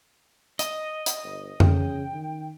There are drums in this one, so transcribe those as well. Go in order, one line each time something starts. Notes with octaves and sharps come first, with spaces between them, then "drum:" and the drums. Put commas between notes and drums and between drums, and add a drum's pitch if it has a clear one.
D#5, drum: hi-hat
drum: hi-hat
G1
C#3 G5, drum: tom F2
D#3